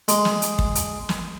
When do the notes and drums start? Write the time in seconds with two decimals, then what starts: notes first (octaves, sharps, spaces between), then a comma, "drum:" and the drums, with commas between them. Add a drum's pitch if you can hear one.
0.08 G#3, drum: hi-hat
0.25 drum: snare
0.42 drum: hi-hat
0.59 drum: kick
0.75 drum: hi-hat
1.09 drum: snare